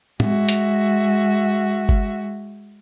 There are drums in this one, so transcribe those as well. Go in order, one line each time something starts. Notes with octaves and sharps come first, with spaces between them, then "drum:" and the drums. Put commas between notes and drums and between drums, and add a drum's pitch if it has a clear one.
G#3 F#4 E5, drum: tom
drum: hi-hat
drum: kick G1